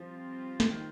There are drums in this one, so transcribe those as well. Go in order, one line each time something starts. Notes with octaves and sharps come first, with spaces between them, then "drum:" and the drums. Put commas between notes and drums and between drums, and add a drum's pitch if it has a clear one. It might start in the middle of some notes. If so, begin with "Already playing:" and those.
Already playing: F3 G3 C4 F4
drum: snare
D#3